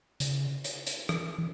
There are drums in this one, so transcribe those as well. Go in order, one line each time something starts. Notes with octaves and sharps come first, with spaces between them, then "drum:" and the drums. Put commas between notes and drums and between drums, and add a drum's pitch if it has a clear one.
C#3, drum: hi-hat
drum: hi-hat
drum: hi-hat
E3, drum: rim click
E3